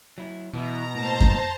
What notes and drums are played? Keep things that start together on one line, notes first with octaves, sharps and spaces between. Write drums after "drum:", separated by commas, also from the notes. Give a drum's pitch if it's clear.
F#3 E4
B2 E3 B3 E4 A#5
A2 A#3 C5 A5
drum: kick F#2